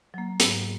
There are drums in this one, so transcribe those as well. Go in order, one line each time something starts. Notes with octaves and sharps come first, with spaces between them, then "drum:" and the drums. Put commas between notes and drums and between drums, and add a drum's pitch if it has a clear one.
F#3 A#3
G#2, drum: hi-hat